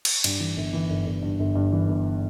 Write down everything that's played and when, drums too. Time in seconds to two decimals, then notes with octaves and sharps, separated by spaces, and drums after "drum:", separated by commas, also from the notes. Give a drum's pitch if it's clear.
0.05 drum: cymbal
0.24 G2, drum: cymbal
0.40 E3
0.57 G1
0.73 E3
0.90 G1
1.07 G1
1.23 G2
1.39 G1
1.55 G2
1.72 E3
1.88 G1